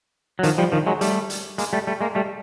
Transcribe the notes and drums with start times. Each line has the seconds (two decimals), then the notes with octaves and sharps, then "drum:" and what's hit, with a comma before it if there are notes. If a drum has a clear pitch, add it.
0.39 F#3
0.43 D#3 F3, drum: hi-hat
0.58 F3 G3
0.72 D#3 F3
0.87 F#3 G#3
1.01 G3 A3, drum: hi-hat
1.30 drum: hi-hat
1.58 G#3 A#3, drum: hi-hat
1.73 G3 A3
1.87 G3 A3
2.01 G#3 A#3
2.15 G3 A3